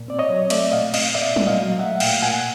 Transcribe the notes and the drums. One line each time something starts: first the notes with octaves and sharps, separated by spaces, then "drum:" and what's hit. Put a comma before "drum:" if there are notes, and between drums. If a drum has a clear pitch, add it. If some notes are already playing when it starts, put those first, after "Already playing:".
Already playing: A#2
C4 D5
C#5 D#5
F#3
A3 D5 E5, drum: cymbal
A#2 D#5 F5
C4 D#5 F5, drum: cymbal
A#2 D5 E5
A#2, drum: tom F#3
D#5 F5
F#3
A3 E5 F#5
A#2 F5 G5, drum: cymbal
A#2 F#5 G#5